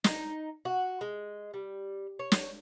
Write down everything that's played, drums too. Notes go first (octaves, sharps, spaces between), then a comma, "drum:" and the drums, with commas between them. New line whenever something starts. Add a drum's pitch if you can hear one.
D#4, drum: snare
F#4
G#3
G3
C#5
drum: snare